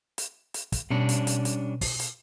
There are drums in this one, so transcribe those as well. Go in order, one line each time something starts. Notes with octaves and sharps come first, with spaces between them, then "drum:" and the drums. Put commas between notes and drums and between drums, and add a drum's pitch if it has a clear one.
drum: hi-hat
drum: hi-hat
drum: kick, hi-hat
B2 G3 C#4 D4
drum: hi-hat
drum: hi-hat
drum: hi-hat
drum: kick, open hi-hat
drum: hi-hat